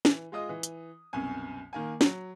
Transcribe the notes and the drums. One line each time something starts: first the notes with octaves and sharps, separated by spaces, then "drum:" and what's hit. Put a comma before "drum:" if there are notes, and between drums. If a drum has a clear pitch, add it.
E3, drum: snare
G#3 F4 D#5 D#6
E3
drum: hi-hat
C2 F#2 B2 G#5
D#3 A#3 G#5
F#3, drum: snare